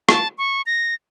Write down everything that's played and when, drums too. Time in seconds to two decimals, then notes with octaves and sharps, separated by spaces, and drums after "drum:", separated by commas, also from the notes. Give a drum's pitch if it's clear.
0.09 A5, drum: rim click
0.38 C#6
0.66 A#6